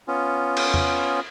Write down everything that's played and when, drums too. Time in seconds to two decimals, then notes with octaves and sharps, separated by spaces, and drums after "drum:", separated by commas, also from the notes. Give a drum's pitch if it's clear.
0.08 B3 C#4 F4
0.57 drum: cymbal
0.74 drum: tom E2